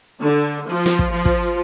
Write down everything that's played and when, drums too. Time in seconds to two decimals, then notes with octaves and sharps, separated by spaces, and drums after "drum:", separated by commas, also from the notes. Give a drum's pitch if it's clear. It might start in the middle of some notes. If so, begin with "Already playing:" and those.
0.21 D3
0.69 F3
0.86 drum: snare
0.99 drum: kick
1.12 F3
1.25 drum: kick